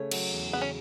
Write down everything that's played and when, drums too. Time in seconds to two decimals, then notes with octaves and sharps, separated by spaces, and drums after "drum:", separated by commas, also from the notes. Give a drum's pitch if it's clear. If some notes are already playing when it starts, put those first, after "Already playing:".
Already playing: C#3 A3 C#5
0.11 F#3, drum: cymbal
0.32 E2
0.53 C#3 B3
0.61 C#4